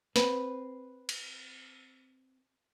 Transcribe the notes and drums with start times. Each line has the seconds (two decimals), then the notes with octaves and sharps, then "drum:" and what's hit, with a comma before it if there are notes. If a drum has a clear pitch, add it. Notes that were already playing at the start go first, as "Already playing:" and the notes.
0.16 C4 B4, drum: snare
1.09 drum: cymbal